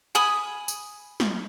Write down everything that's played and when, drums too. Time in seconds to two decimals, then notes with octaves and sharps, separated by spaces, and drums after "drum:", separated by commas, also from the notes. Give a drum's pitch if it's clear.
0.15 G#5 B5 D#6
0.68 drum: tambourine
1.20 drum: snare